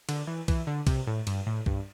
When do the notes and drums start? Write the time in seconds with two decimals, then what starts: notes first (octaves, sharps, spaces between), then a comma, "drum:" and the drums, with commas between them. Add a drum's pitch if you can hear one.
0.09 D3, drum: cymbal
0.27 E3
0.48 E3, drum: kick B1, cymbal
0.67 D3
0.87 C3, drum: kick B1, cymbal
1.07 A2
1.27 G2, drum: cymbal
1.47 A2
1.66 G2, drum: kick B1